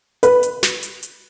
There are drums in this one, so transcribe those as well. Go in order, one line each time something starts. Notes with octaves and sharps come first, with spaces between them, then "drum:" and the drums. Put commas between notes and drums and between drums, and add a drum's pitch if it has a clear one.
B4, drum: hi-hat
drum: hi-hat
drum: snare
drum: hi-hat
drum: hi-hat